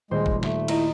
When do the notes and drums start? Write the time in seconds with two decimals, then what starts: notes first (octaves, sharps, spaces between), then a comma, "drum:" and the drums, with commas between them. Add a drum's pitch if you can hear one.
0.11 D#1 G#3 C5
0.26 drum: kick
0.43 A3, drum: snare
0.68 E4 D#5 A#5, drum: cymbal